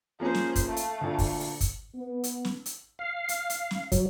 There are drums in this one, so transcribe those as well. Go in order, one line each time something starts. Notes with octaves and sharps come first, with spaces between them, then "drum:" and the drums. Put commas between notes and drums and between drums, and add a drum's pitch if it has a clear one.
F3 A#3 C#4 G#4 C5
drum: snare
drum: kick, hi-hat
A3 F5
drum: hi-hat
D2 A#2
drum: kick, open hi-hat
drum: open hi-hat
drum: kick, hi-hat
B3
drum: hi-hat
drum: snare
drum: hi-hat
F5
drum: hi-hat
drum: hi-hat
drum: snare
F#3, drum: kick, hi-hat